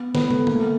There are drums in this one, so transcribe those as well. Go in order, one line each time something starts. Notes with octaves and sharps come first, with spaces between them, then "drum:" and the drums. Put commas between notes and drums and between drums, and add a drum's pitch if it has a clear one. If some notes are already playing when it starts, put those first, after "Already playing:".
Already playing: B3
B3, drum: snare
A3, drum: tom
A#3, drum: tom D3
A3